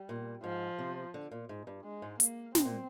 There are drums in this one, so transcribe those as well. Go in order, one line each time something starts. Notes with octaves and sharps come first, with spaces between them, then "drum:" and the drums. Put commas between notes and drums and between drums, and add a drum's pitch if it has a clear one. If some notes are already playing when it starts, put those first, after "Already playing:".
Already playing: G3
A#2
G#2 F3
C3
D3
A#2
G#2
G2
G#3
G#2
A#3, drum: hi-hat
C3 C4, drum: snare
A#2